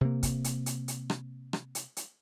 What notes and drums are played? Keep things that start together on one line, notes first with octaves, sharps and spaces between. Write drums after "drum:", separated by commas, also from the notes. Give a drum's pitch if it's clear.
C3 A#3
drum: kick, hi-hat
drum: hi-hat
drum: hi-hat
drum: hi-hat
drum: rim click
drum: rim click
drum: hi-hat
drum: hi-hat